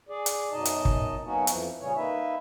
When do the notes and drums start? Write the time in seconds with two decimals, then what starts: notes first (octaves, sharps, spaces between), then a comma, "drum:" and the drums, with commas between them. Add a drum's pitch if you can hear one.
0.09 G#4 D5
0.26 drum: hi-hat
0.52 F#2 B2 D#4 D#5 A5
0.65 drum: hi-hat
0.85 drum: kick
1.25 F#3 A#3 B3 C#4 D#4 F#4
1.47 F2 E3 F3, drum: hi-hat
1.80 A#2 C#3 G3 C#4 C#5
1.96 A#3 D#4 B4 E5